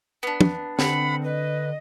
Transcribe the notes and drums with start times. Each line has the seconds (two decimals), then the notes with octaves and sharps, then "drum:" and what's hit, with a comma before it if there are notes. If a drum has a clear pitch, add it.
0.23 B3 D4
0.41 drum: tom
0.79 D3 C4 F#5 B5, drum: snare
1.24 B4 D#5